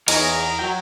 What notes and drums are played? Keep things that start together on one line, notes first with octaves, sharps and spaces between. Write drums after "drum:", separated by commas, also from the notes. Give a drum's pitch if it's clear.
E2 D#4 G#4 A#4 C#5, drum: cymbal
F#3 G5